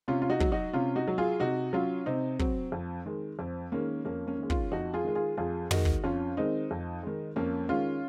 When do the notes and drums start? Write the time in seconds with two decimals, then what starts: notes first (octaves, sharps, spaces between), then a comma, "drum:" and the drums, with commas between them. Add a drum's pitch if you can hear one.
0.08 C3 C#4 F4
0.22 F4
0.30 D#4 F#4
0.40 F#3, drum: kick
0.52 D#4 F#4
0.73 C3 C#4 F4
0.96 D#4 F#4
1.08 F#3
1.18 F4 G#4
1.40 C3 D#4 F#4
1.73 F#3 C#4 F4
2.06 C3 C4 D#4
2.39 F#3 C4, drum: kick
2.72 F2
3.06 D#3 G#3
3.39 F2 C4
3.72 D#3 G#3 A#3 C#4
4.05 F2 A#3 C#4
4.27 A#3 C#4
4.38 D#3 G#3
4.50 C#4 F4, drum: kick
4.72 F2 D#4 F#4
4.94 F4 G#4
5.04 D#3 G#3
5.15 F4 G#4
5.37 F2 F4 G#4
5.71 D#3 G#3 D#4 F#4, drum: tom
5.85 drum: kick
6.03 F2 C#4 F4
6.37 D#3 G#3 C4 D#4
6.71 F2
7.03 D#3 G#3
7.36 F2 A#3 C#4
7.69 D#3 G#3 C#4 F4